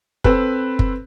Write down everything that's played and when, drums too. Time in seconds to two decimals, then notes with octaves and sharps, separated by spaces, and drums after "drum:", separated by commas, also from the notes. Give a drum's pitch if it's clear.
0.24 C4 A4 B4, drum: kick
0.79 drum: kick